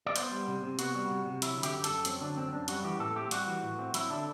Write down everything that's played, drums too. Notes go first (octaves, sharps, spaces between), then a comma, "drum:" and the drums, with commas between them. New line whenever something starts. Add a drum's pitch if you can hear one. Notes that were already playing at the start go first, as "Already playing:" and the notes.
D5
B3 C5, drum: hi-hat
G3
C3
C3
B3 F#4, drum: hi-hat
G3
C3
C3
F#3 E4, drum: hi-hat
D3
G4, drum: hi-hat
F#2
A4, drum: hi-hat
F#2
F#3 C4, drum: hi-hat
D3 D4
F#2 C4
F#2 D4
G3 F#4, drum: hi-hat
E3 G4
A2 A4
C4 G4
G3 F#4, drum: hi-hat
E3
A2
C4
F#3 E4, drum: hi-hat
D3 D4